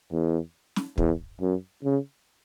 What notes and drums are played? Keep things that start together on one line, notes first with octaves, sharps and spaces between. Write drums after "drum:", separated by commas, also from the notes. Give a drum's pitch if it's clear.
E2
drum: snare
E2, drum: kick
F#2
C#3